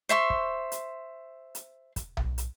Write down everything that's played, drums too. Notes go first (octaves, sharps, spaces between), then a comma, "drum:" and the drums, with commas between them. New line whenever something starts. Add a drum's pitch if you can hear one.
C5 E5 C6 C#6
drum: kick
drum: hi-hat
drum: hi-hat
drum: kick, hi-hat
drum: tom B1
drum: hi-hat